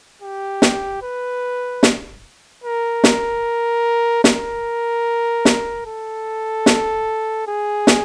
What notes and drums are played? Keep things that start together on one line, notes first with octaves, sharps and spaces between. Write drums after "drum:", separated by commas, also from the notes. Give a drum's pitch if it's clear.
G4
drum: snare
B4
drum: snare
A#4
drum: snare
A#4, drum: snare
drum: snare
A4
drum: snare
G#4
drum: snare